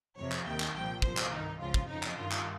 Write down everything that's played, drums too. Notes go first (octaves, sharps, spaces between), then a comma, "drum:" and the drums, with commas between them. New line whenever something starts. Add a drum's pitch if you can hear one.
F2 C3 F3 C#5
drum: clap
D#2 D#3 G5
drum: clap
C2 A#2 F3 G5
C2 A#2 F3 C5, drum: kick
drum: clap
G2 D#3 D#4
C#2 C#3 F3 F4
drum: kick
F2 C#3 F3 D#4
drum: clap
G2 D#3 F4
drum: clap